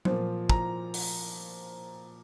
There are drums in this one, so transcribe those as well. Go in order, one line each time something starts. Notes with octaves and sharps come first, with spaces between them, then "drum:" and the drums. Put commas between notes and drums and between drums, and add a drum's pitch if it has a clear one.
A#2 F3 C4, drum: tom F#3
A#5, drum: kick
drum: open hi-hat